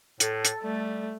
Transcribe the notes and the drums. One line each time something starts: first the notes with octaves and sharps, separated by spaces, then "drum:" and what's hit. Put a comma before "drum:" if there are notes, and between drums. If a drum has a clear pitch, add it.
A2 A4, drum: hi-hat
drum: hi-hat
G3 A3